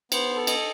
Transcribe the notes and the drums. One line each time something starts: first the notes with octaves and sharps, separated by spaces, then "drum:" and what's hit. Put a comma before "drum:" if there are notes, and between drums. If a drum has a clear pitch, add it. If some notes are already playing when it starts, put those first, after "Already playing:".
B3 C5, drum: cymbal
A4
D#5, drum: cymbal